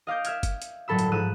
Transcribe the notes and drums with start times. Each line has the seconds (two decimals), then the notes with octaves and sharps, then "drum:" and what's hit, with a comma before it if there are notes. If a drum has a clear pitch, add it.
0.07 D#5 F5 D6 G6
0.25 E5 F6 G#6, drum: hi-hat
0.43 drum: kick F#1, hi-hat
0.62 drum: hi-hat
0.88 G1 A2 F#3 A4 B5 E6
0.99 drum: hi-hat
1.12 G#2 F3 E6 F#6 D#7